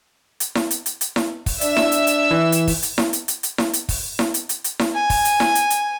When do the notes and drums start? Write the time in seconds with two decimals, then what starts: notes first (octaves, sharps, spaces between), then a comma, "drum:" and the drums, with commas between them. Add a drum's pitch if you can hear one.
0.40 drum: hi-hat
0.55 drum: snare E4
0.71 drum: hi-hat
0.86 drum: hi-hat
1.01 drum: hi-hat
1.16 drum: snare E4
1.46 drum: kick, open hi-hat
1.61 D4 E5 E6, drum: hi-hat
1.77 drum: snare E4
1.92 drum: hi-hat
2.07 drum: hi-hat
2.31 E3
2.52 drum: hi-hat
2.67 drum: kick, open hi-hat
2.83 drum: hi-hat
2.98 drum: snare E4
3.13 drum: hi-hat
3.28 drum: hi-hat
3.43 drum: hi-hat
3.58 drum: snare E4
3.73 drum: hi-hat
3.89 drum: kick, open hi-hat
4.19 drum: snare E4
4.34 drum: hi-hat
4.49 drum: hi-hat
4.64 drum: hi-hat
4.79 drum: snare E4
4.95 G#5
5.10 drum: kick, open hi-hat
5.25 drum: hi-hat
5.40 drum: snare E4
5.55 drum: hi-hat
5.70 drum: hi-hat